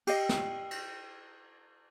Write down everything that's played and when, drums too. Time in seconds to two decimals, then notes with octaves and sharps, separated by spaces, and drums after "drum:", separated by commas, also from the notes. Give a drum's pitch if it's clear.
0.07 G4 D#5, drum: cymbal
0.29 drum: snare
0.71 drum: cymbal